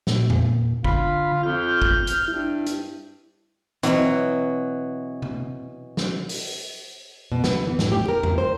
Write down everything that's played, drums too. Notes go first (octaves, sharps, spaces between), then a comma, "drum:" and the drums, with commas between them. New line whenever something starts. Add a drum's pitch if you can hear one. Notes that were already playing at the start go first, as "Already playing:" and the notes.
A#2, drum: snare
drum: tom E2
D3 F4 B5, drum: kick
F2 F6 G6
drum: kick
drum: hi-hat
G2 E4
drum: hi-hat
B2 E3 F#3 C4, drum: hi-hat
drum: tom C3
drum: snare
drum: open hi-hat
B2
B3, drum: snare
E3
A2, drum: snare
G4
A#4
drum: tom E2
C5